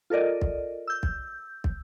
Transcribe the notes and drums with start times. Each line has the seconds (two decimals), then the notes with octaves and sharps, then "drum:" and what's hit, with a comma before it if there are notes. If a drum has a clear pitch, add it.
0.10 F4 A4 A#4 D5 D#5
0.41 drum: kick
0.87 E6 G6
1.03 drum: kick
1.64 drum: kick